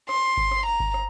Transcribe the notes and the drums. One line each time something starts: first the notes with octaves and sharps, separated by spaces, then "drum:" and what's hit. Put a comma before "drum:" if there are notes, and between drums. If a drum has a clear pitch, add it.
C6, drum: rim click
drum: kick G1
drum: rim click
A#5
drum: kick G1
drum: rim click